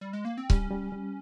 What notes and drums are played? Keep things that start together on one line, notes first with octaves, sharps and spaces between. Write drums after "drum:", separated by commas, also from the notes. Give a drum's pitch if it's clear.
G3
G#3
A#3
C4
G3 C#4, drum: kick C#1
G3
G3